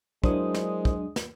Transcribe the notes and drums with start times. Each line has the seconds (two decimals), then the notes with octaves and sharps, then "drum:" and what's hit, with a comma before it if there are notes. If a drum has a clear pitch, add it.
0.24 F#3 G#3 D4 E4 A#4 C5 D#6, drum: kick
0.54 drum: snare
0.85 drum: kick
1.16 drum: snare